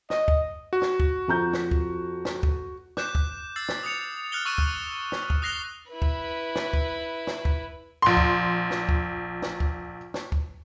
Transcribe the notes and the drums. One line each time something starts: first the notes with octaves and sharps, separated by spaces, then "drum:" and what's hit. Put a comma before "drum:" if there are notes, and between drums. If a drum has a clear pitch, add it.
D#5, drum: snare
drum: kick D2
F#4
drum: snare
drum: kick D2
F2 A#5 G6
drum: snare
drum: kick D2
drum: snare
drum: kick D2
D6 F#6 G6 E7, drum: snare
drum: kick D2
E6 A6 C7
drum: snare
D#6 A6 C#7 F7
F6 F#6 A6 C#7 F7 G7
C#6 D#6 E6 F#6 D#7 E7
drum: kick D2
drum: snare
drum: kick D2
D#6 F#6 A#6 C7 F7 G7
E4 B4
drum: kick D2
drum: snare
drum: kick D2
drum: snare
drum: kick D2
A#1 C6
drum: kick D2
drum: snare
drum: kick D2
drum: snare
drum: kick D2
drum: snare
drum: kick D2